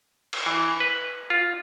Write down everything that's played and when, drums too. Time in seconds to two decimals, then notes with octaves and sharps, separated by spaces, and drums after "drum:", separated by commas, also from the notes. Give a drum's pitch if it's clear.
0.33 drum: cymbal
0.46 E3
0.80 B4
1.30 F4